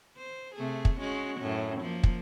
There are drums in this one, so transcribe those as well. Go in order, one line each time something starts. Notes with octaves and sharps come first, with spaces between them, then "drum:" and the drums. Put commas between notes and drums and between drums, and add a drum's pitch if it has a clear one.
C5
C3 A3 G#4
drum: kick
G#3 C#4 F#4
F#2 A2 C#4
F3 A#3
drum: kick